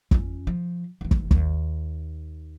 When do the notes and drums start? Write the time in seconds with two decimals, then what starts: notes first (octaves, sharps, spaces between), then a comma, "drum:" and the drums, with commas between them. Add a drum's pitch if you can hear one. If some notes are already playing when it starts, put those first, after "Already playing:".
0.11 F2 C#4, drum: kick
0.47 F3
1.01 F1 E3
1.11 drum: kick
1.31 D#2, drum: kick